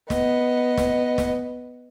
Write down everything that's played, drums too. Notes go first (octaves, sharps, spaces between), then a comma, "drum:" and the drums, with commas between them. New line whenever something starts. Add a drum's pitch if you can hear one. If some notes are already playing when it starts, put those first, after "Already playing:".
B3 D#5, drum: snare
drum: snare
drum: snare